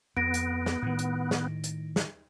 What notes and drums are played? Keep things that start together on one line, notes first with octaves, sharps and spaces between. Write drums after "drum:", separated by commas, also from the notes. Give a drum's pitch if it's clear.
F2 B3 A#6 D7
drum: hi-hat
drum: snare
A2 D#3
drum: hi-hat
drum: snare
drum: hi-hat
drum: snare